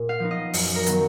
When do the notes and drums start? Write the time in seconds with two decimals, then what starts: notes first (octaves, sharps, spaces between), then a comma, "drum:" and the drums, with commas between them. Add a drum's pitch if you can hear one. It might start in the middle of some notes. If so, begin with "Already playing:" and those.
Already playing: A#2
0.09 F5
0.20 F3 B3 D#4
0.31 D#5
0.53 F#2, drum: open hi-hat
0.75 A#4
0.86 D#3 F#3 B3, drum: hi-hat